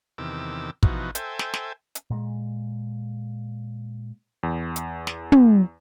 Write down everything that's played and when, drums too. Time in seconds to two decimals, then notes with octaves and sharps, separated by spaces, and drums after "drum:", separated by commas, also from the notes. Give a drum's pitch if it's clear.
0.18 E2 C3 D#3 D6 E6
0.83 B2 E3 F3 D#4 F#4, drum: kick
1.15 A4 C5 E5 G5 G#5, drum: hi-hat
1.39 drum: snare
1.54 drum: snare
1.95 drum: hi-hat
2.10 A#2 G#3
4.43 E2
4.76 drum: hi-hat
5.07 drum: snare
5.32 drum: tom